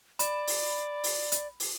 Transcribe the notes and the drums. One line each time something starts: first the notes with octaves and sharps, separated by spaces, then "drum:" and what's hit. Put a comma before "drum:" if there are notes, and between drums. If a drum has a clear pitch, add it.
D5 B5, drum: hi-hat
drum: open hi-hat
drum: open hi-hat
drum: hi-hat
drum: open hi-hat